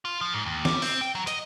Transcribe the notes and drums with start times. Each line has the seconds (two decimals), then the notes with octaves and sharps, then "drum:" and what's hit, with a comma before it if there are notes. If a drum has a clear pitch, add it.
0.05 F4
0.21 F3
0.33 G#2
0.45 D#2
0.65 G3, drum: snare
0.82 C4, drum: open hi-hat
1.01 G5
1.15 F#3
1.27 D#5, drum: hi-hat